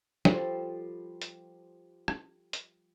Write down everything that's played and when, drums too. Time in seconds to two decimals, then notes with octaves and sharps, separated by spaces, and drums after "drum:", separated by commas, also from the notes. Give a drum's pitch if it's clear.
0.25 F3 G3 A4 C5, drum: snare
1.22 drum: hi-hat
2.08 drum: rim click
2.53 drum: hi-hat